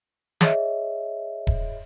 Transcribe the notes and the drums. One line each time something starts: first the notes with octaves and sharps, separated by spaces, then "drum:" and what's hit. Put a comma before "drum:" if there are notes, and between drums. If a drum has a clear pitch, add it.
G#4 C#5 D#5 E5, drum: snare
drum: kick D#1